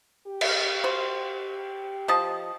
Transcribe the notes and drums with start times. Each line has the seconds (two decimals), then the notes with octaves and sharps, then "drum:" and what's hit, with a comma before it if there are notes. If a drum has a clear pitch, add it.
0.27 G4
0.41 drum: cymbal
0.84 F#4 C5
2.08 F3 D#5 A5